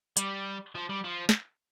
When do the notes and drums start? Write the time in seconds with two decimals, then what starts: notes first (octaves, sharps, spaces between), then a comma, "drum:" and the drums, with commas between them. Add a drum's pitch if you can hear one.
0.17 G3, drum: hi-hat
0.75 F3
0.89 G3
1.04 F3
1.29 drum: snare